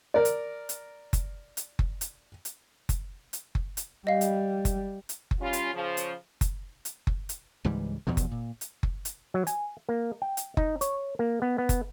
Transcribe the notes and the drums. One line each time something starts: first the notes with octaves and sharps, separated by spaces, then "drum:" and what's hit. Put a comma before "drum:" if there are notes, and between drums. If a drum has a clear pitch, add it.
A#4 D5
drum: hi-hat
drum: hi-hat
drum: kick F#1, hi-hat
drum: hi-hat
drum: kick F#1
drum: hi-hat
drum: hi-hat
drum: kick F#1, hi-hat
drum: hi-hat
drum: kick F#1
drum: hi-hat
G3 D#5 F5
drum: hi-hat
drum: kick F#1, hi-hat
drum: hi-hat
drum: kick F#1
G3 C#4 F4
drum: hi-hat
C#3 F3
drum: hi-hat
drum: kick F#1, hi-hat
drum: hi-hat
drum: kick F#1
drum: hi-hat
C#2 G#2 E3 G3
E2 G2 B2 F3
drum: kick F#1, hi-hat
A#2
drum: hi-hat
drum: kick F#1
drum: hi-hat
F#3
G#5, drum: hi-hat
A#3
G5
drum: hi-hat
D#4, drum: kick F#1
C#5, drum: hi-hat
A#3
B3
B3
drum: kick F#1, hi-hat